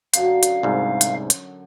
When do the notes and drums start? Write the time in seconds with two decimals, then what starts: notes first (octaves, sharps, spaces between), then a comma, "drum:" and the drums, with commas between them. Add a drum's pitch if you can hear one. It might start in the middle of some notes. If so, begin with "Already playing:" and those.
0.14 F#2 D3 F#3 F5, drum: hi-hat
0.43 drum: hi-hat
0.63 C2 G#2
1.01 drum: hi-hat
1.30 drum: hi-hat